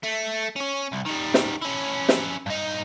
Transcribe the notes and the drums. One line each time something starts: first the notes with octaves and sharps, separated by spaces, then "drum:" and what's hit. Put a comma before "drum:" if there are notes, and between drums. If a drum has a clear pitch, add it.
A3
C#4 C#5
C2
D#3 G3
drum: snare
C#4 E4
drum: snare
G2 D#4